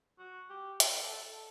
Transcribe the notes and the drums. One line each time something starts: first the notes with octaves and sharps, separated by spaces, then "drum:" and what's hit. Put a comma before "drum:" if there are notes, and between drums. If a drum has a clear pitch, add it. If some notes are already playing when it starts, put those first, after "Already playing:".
F#4
G4
A4, drum: hi-hat
A4